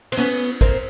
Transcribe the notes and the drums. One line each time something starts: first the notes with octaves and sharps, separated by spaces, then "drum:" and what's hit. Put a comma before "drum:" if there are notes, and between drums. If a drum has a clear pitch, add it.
C4, drum: cymbal
B3 C#4
A#3 C4, drum: kick A1